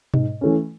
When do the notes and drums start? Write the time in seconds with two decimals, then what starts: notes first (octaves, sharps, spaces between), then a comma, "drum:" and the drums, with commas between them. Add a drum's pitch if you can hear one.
0.14 G#2, drum: tom B2
0.41 E3 A3 C#4